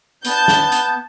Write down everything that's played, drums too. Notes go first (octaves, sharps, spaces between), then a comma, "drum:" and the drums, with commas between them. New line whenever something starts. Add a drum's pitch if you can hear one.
B3 A5 G6, drum: hi-hat
drum: snare
drum: hi-hat